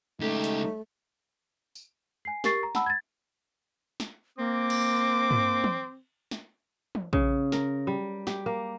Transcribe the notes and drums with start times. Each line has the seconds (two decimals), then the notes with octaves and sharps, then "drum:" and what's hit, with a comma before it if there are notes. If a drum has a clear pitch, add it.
0.20 C#2 A3 D#4 G4
0.44 drum: hi-hat
1.75 drum: tambourine
2.25 G#5 C7
2.44 G4 A#4 C#6 A6 C7, drum: snare
2.63 A#5
2.75 F#5 A5 B5 E6, drum: snare
2.86 G#6 A6
4.00 drum: snare
4.38 A#3 C4 D6
4.70 drum: cymbal
5.31 drum: tom
5.64 drum: tom
6.31 drum: snare
6.95 drum: tom
7.13 C#3, drum: kick A#1
7.52 A#4, drum: snare
7.87 G3
8.27 G4, drum: snare
8.46 A#3